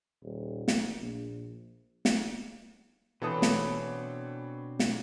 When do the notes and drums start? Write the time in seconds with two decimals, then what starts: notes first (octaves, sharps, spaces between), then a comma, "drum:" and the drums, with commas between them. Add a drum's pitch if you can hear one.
0.22 D#1
0.68 A#3, drum: snare
1.00 A#1
2.05 drum: snare
3.22 B2 E3 C4 D4 A4 B4 C#5 D#6
3.42 drum: snare
4.79 drum: snare